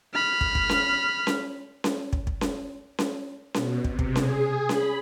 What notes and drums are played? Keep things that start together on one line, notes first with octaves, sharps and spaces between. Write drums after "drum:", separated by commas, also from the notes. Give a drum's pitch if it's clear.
B5 F6
drum: kick
drum: kick
drum: snare C#4
drum: snare C#4
drum: snare C#4
drum: kick
drum: kick
drum: snare C#4
drum: snare C#4
B2, drum: snare C#4
C3, drum: kick
drum: kick
G#4, drum: snare C#4
B5, drum: snare C#4